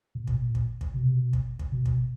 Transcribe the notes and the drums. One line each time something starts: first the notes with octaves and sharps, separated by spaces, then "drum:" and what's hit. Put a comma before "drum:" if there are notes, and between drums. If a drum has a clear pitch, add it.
A#2
B2, drum: kick
A#2
drum: kick
drum: kick
B2
C3
B2
drum: kick
drum: kick
B2
drum: kick